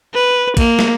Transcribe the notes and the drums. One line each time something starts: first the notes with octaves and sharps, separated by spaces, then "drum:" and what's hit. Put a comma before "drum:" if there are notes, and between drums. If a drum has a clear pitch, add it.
B4
A#3, drum: kick, cymbal
drum: snare